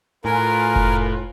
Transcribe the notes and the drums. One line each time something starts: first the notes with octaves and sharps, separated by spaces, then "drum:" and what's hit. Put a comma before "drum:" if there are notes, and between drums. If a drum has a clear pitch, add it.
A2 F4 A#4 B4 G#5
drum: kick F1